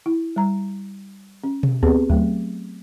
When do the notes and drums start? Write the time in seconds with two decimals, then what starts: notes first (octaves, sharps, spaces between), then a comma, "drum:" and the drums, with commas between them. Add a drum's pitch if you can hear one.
0.06 E4
0.36 G3 A#5
1.44 C#4
1.63 drum: tom B2
1.83 B3 C4 G4 G#4 B4, drum: kick D2
2.10 F#3 A3, drum: kick D2